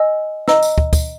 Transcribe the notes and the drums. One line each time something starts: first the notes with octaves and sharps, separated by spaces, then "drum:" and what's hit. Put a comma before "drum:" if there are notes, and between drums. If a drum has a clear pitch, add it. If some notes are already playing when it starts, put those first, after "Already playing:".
Already playing: D#5 G#5 E6
D#5 A#5 E6, drum: snare
drum: tambourine
drum: kick
drum: kick, tambourine